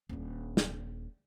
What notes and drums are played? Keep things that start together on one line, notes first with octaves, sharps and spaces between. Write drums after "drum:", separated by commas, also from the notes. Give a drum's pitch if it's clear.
D#1 D4
drum: snare